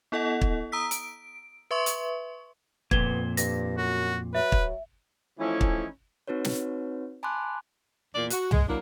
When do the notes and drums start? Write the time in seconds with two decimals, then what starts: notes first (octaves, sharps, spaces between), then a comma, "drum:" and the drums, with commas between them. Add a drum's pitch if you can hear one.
0.12 B3 E4 A4 D#5 F#5
0.41 drum: kick
0.72 A#5 D#6 E6 B6
0.91 D7, drum: hi-hat
1.71 B4 E5 C6 C#6
1.86 drum: hi-hat
2.91 F2 A#2 B3 G#6 G7, drum: kick
3.37 G2 A#6, drum: hi-hat
3.78 F#2 F#4
4.35 F#3 B4 E5
4.52 drum: kick
5.39 E3 F3 A3 C#4 D#4 E4
5.61 drum: kick
6.28 C4 D#4 F#4 B4 C#5
6.44 drum: snare
7.23 G#5 A5 B5 C6 D6 F#6
8.13 E2 A#2 A#3 D5
8.30 F#4, drum: hi-hat
8.51 G#3, drum: tom
8.67 F#3 A#3 D4 E4